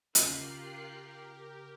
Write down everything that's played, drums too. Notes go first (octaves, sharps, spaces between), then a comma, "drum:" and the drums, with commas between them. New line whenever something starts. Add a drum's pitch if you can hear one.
C#3 F4 G4 A#4 F#6 C7, drum: hi-hat